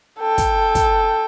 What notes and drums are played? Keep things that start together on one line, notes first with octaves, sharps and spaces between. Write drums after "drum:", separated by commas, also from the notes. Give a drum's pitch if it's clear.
A4 G5
drum: kick, hi-hat
drum: kick, hi-hat